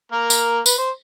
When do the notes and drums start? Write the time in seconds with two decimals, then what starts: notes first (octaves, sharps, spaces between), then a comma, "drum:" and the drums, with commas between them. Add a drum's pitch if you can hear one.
0.12 A#3 A#4
0.30 drum: tambourine
0.66 B4, drum: tambourine
0.78 C5